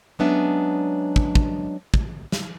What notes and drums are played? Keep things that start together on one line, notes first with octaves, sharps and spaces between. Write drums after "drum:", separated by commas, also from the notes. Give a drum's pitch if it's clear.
F#3 G#3 B3 C#4 D4 E5
drum: kick
drum: kick
drum: kick
drum: snare